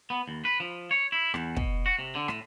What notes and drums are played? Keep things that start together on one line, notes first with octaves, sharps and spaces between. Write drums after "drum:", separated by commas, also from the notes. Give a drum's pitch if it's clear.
B3
D#2
B4
F3
C#5
E4
E2, drum: rim click
B2, drum: kick
F#4
C3
D3
A2, drum: rim click